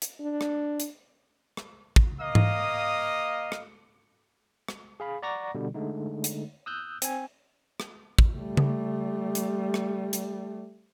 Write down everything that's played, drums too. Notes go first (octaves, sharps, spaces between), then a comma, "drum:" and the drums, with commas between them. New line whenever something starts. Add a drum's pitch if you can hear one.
drum: hi-hat
D4
drum: rim click
drum: hi-hat
drum: rim click
drum: kick
A#3 D#5 F5 D#6
drum: tom G#2
drum: rim click
drum: rim click
G#4 F5 B5
D5 F#5 A#5 C#6 D6 A#6
B2 D3 G3
D3 G#3 A3 D#4
drum: hi-hat
D#6 E6 F#6 G6
C4 G#5, drum: hi-hat
drum: rim click
drum: kick
G3 A3
drum: tom C#3
drum: hi-hat
drum: rim click
drum: hi-hat